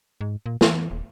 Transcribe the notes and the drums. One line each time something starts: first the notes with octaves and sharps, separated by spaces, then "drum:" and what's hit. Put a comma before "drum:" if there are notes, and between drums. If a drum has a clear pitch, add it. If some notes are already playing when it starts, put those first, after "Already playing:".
G#2
A#2
E3, drum: snare
D#1